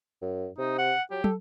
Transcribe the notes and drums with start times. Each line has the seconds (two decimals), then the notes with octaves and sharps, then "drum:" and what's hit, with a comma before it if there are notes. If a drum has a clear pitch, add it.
0.22 F#2
0.58 C3 D#4
0.78 F#5
1.11 F#3 G4
1.24 A4, drum: tom